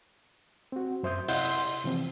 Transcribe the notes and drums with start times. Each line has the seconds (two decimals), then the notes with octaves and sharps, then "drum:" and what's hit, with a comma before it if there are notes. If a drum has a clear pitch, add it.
0.72 C4 F#4
1.03 F#2 C5 E5 D#6 G6
1.28 C3 E4 D#5 F#5 C6 G6, drum: open hi-hat
1.84 C3 E3 F3 C4